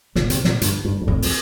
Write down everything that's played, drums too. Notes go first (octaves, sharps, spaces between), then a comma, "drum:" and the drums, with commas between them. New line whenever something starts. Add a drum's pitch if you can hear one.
A#2 D3, drum: snare
C3, drum: hi-hat
A#2, drum: snare
G2, drum: hi-hat
G2
G2
F2 A2
drum: open hi-hat